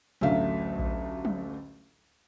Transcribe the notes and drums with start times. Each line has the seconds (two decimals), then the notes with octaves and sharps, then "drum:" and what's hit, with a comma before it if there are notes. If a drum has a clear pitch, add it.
0.21 A1 D2 F#3 A3 E5 F5, drum: tom
0.79 drum: kick A#1
1.25 drum: tom